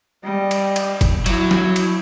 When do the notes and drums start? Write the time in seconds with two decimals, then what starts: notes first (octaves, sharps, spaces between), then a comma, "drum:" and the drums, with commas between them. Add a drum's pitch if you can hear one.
0.24 G3 D#5
0.51 drum: cymbal
0.76 drum: cymbal
1.01 drum: kick F#1, cymbal
1.26 F#3 E4, drum: cymbal
1.51 drum: snare
1.76 drum: cymbal